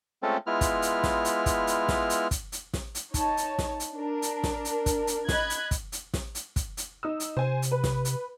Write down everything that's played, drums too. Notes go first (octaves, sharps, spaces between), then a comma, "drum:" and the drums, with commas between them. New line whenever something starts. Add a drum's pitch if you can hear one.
G#3 A3 C4 C#4 F4 A4
G#3 B3 E4 F4 F6
drum: kick, hi-hat
drum: hi-hat
drum: snare
drum: hi-hat
drum: kick, hi-hat
drum: hi-hat
drum: snare
drum: hi-hat
drum: kick, hi-hat
drum: hi-hat
drum: snare
drum: hi-hat
D#4 C#5 A5, drum: kick, hi-hat
drum: hi-hat
drum: snare
drum: hi-hat
D4 A#4
drum: hi-hat
drum: snare
drum: hi-hat
drum: kick, hi-hat
drum: hi-hat
D#5 B5 F#6 G#6, drum: snare
drum: hi-hat
drum: kick, hi-hat
drum: hi-hat
drum: snare
drum: hi-hat
drum: kick, hi-hat
drum: hi-hat
D#4 D#6 E6
drum: hi-hat
C3 C5 G#5
drum: hi-hat
B4
drum: snare
drum: hi-hat